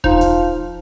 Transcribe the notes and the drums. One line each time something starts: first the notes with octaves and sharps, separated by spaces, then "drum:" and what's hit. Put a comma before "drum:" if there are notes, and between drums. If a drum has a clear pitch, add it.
F3 D#4, drum: kick E1
drum: hi-hat